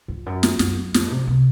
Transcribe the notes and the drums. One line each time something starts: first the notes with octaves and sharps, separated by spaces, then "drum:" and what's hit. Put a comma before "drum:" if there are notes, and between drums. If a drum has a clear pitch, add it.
F2
F#2
drum: snare
F#2, drum: snare
F2, drum: snare
C3
C3